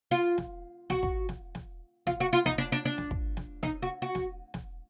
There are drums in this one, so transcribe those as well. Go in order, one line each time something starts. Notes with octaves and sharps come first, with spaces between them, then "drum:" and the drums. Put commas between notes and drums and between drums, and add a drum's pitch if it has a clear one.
F4
drum: snare
F#4, drum: snare
drum: kick
drum: snare
drum: snare
F4, drum: snare
F#4
F4
D#4, drum: snare
D4
D4
D4
drum: snare
drum: kick
drum: snare
D#4, drum: snare
F#4
F#4
drum: snare
drum: snare